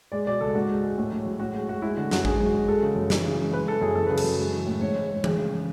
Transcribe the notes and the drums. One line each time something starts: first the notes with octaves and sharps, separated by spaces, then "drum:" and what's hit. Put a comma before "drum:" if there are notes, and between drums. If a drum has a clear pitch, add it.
G#3 D5
B2 D5
C#2 A4
G#2 F#4
G#3
G#3
A2
F#3
F#3
A2 F#4
G#3 F#4
G#3 F#4
G#3 E4
D3 F#4
F#2 F#4, drum: snare
G#2 G#4, drum: kick G#1
G#3
F#4
G#3
G#3 A4
C#3
F#2
E3, drum: snare
C#3
G#3
G#3 B4
E3 A4
F#2 G#4
F#3 A4
C#3 B4
A4, drum: cymbal
F#2
G#3
E3
A2
G#2 C#5
G#3
G#3
G#3, drum: tom E3
C#3